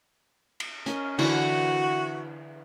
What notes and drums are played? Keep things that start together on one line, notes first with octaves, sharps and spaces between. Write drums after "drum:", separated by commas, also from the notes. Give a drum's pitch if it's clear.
drum: cymbal
C#4 A#4 D#5, drum: hi-hat
D3 E3 F#4, drum: cymbal